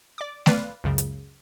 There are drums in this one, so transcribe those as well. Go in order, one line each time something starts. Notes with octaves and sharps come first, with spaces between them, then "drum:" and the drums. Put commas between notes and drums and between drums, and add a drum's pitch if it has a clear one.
D5 D6
B4 D5 F5, drum: snare A3
C#2 F#2 C#3
drum: hi-hat